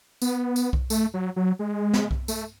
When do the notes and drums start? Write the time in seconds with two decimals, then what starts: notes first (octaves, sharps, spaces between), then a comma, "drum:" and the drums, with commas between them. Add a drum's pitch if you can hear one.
0.22 B3, drum: tambourine
0.56 drum: tambourine
0.73 drum: kick B1
0.90 A3, drum: tambourine
1.14 F#3
1.36 F#3
1.59 G#3
1.94 drum: snare
2.11 drum: kick B1
2.28 A3, drum: tambourine